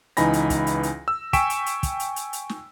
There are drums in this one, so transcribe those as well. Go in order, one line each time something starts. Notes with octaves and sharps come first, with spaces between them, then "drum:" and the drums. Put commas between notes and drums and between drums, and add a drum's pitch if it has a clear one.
C#2 E3 D#4 G#5 B5 A#6, drum: hi-hat
drum: hi-hat
drum: kick, hi-hat
drum: hi-hat
drum: hi-hat
E6
G5 G#5 C#6 B6 D7 E7, drum: kick, hi-hat
drum: hi-hat
drum: hi-hat
drum: kick, hi-hat
drum: hi-hat
drum: hi-hat
drum: hi-hat
drum: snare